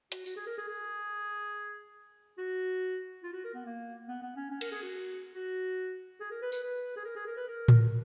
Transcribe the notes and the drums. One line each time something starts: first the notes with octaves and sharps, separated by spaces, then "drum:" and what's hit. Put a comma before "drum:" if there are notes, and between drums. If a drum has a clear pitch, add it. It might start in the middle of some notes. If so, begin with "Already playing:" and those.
F#4, drum: hi-hat
F#4, drum: tambourine
G#4
A#4
G#4
G#4
F#4
F4
F#4
A#4
B3
A#3
B3
B3
C#4
C#4
A#4, drum: cymbal
G#4
F#4
F#4
G#4
A#4
B4
B4, drum: tambourine
B4
G#4
A#4
G#4
A#4
B4
A#4
drum: tom A2